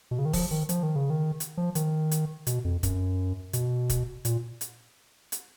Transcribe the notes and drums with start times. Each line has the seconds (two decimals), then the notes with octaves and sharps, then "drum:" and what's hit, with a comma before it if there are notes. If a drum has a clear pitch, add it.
0.11 B2
0.19 C#3
0.25 D#3
0.33 F3, drum: kick E1, open hi-hat
0.51 D#3
0.69 F3, drum: hi-hat
0.83 D#3
0.96 C#3
1.10 D#3
1.40 drum: hi-hat
1.57 F3
1.75 D#3, drum: hi-hat
2.11 drum: hi-hat
2.47 B2, drum: hi-hat
2.65 F2
2.83 F#2, drum: kick E1, hi-hat
3.53 B2, drum: hi-hat
3.90 drum: kick E1, hi-hat
4.25 A#2, drum: hi-hat
4.61 drum: hi-hat
5.32 drum: hi-hat